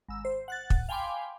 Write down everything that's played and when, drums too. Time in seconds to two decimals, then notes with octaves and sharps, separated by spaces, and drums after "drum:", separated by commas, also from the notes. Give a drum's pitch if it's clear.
0.08 G#1 E6
0.25 C5
0.48 F#5 F#6 A6
0.70 drum: kick
0.89 F5 G5 G#5 B5 C6 D6